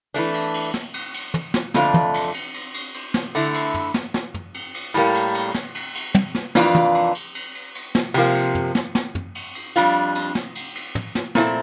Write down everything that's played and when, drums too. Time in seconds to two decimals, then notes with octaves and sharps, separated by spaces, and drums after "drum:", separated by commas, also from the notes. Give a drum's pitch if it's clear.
0.14 E3 A3 D4, drum: cymbal
0.34 drum: cymbal
0.54 drum: cymbal
0.74 drum: snare
0.94 drum: cymbal
1.14 drum: cymbal
1.34 drum: tom
1.54 drum: snare
1.74 F2 D3 A3 D4 F4, drum: snare
1.94 drum: tom
2.14 drum: cymbal
2.34 drum: cymbal
2.54 drum: cymbal
2.74 drum: cymbal
2.94 drum: cymbal
3.14 drum: snare
3.35 D3 A3 E4, drum: cymbal
3.54 drum: cymbal
3.74 drum: tom
3.94 drum: snare
4.14 drum: snare
4.34 drum: tom
4.54 drum: cymbal
4.74 drum: cymbal
4.94 A2 G3 A#3, drum: cymbal
5.14 drum: cymbal
5.34 drum: cymbal
5.55 drum: snare
5.75 drum: cymbal
5.95 drum: cymbal
6.15 drum: tom
6.35 drum: snare
6.55 F2 E3 A#3 D4 F4, drum: snare
6.75 drum: tom
6.95 drum: cymbal
7.15 drum: cymbal
7.35 drum: cymbal
7.55 drum: cymbal
7.75 drum: cymbal
7.95 drum: snare
8.14 C3 F3 A#3, drum: cymbal
8.35 drum: cymbal
8.55 drum: tom
8.75 drum: snare
8.95 drum: snare
9.15 drum: tom
9.35 drum: cymbal
9.55 drum: cymbal
9.76 F2 C3 G3 D4 F4, drum: cymbal
10.15 drum: cymbal
10.35 drum: snare
10.55 drum: cymbal
10.75 drum: cymbal
10.95 drum: tom
11.15 drum: snare
11.35 A#2 A3 C4 E4, drum: snare